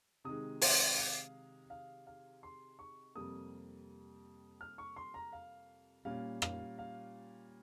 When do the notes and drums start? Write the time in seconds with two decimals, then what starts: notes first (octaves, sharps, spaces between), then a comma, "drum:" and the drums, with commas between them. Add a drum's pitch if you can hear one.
0.24 C3 D#3 G#3 D#6
0.61 C6, drum: open hi-hat
0.97 F5
1.70 F5
2.07 F5
2.43 C6
2.79 C#6
3.15 F2 C3 G3 A#3 D#6
4.61 F6
4.78 C#6
4.96 C6
5.14 A#5
5.33 F5
6.05 A#2 G3 C#4 F5
6.42 F5, drum: rim click
6.78 F5